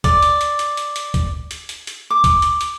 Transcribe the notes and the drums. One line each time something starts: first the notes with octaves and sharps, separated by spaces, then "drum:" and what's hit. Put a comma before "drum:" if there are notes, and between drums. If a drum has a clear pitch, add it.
D5, drum: kick, hi-hat
drum: hi-hat
drum: hi-hat
drum: hi-hat
drum: hi-hat
drum: hi-hat
drum: kick, hi-hat
drum: hi-hat
drum: hi-hat
drum: hi-hat
D6
drum: kick, hi-hat
drum: hi-hat
drum: hi-hat